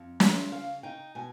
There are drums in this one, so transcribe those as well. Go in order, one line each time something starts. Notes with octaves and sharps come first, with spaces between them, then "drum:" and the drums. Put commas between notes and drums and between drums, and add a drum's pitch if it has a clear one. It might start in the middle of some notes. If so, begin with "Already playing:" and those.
Already playing: F2
F3 E5, drum: snare
C#3 F5
D#4 G5
B2 G#5